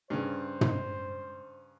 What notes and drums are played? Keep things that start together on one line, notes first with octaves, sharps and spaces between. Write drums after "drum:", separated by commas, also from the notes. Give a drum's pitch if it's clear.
G2 C#3 C5
drum: tom